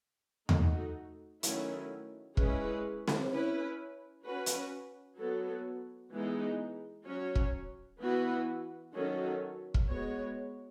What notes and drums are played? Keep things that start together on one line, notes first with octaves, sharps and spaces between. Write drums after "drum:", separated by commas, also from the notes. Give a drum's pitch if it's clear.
A3 D#4 F#4, drum: tom E2
D#3 F#3 A3 C#4 E4, drum: hi-hat
G#3 C#4 E4 G#4 B4, drum: kick
drum: snare C4
C#4 E4 B4
C#4 F#4 B4
drum: hi-hat
F#3 B3 F#4 A4
E3 G#3 B3 D#4 G#4
F#3 C#4 F#4 C#5
drum: kick
E3 B3 F#4 B4
D#3 F#3 C#4 F#4 A4
drum: kick
G#3 B3 F#4 C#5